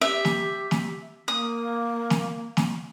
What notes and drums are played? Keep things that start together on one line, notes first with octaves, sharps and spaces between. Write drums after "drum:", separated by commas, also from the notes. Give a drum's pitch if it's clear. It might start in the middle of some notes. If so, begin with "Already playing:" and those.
G4 E5
drum: snare
drum: snare
A#3 D#6
drum: snare
drum: snare